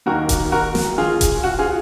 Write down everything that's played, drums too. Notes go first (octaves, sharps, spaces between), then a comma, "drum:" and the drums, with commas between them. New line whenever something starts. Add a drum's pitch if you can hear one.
D#2 D#3 A#3 F#4 A#4
drum: kick D#1, hi-hat
F#4 A#4
drum: snare
F4 G#4
drum: kick D#1, hi-hat
F#4
F4 G#4